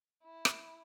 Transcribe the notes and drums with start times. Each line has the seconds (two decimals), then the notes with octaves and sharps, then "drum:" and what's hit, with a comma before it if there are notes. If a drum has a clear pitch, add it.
0.23 E4
0.45 drum: rim click